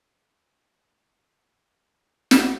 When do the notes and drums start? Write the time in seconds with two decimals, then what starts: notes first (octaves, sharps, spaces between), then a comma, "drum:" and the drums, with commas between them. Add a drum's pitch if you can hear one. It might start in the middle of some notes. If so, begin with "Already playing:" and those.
0.15 E4 D#5 G5 A6
0.33 C5 C#5 E5 B5
2.31 drum: snare